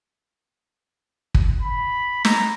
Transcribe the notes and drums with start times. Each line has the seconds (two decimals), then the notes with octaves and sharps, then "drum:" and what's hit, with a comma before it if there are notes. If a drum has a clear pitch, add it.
1.35 drum: kick
1.61 B5
2.25 A#5, drum: snare